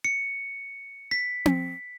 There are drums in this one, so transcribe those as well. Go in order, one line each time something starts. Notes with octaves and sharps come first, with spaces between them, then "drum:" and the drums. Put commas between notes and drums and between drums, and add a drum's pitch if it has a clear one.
C#7
B6
drum: tom C4